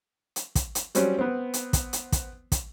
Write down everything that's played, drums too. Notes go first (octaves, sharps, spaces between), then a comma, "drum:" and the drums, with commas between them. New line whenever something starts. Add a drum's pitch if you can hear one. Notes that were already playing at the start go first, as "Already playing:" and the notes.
drum: hi-hat
drum: kick, hi-hat
drum: hi-hat
F#3 G3 C4 C#4, drum: hi-hat
B3 C4
drum: hi-hat
drum: kick, hi-hat
drum: hi-hat
drum: kick, hi-hat
drum: kick, hi-hat